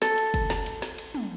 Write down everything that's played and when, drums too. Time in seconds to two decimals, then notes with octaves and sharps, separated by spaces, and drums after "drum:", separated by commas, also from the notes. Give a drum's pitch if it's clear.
0.02 A4, drum: snare
0.18 drum: cymbal
0.34 drum: kick, cymbal
0.50 drum: snare
0.66 drum: cymbal
0.82 drum: snare
0.98 drum: cymbal
1.15 drum: tom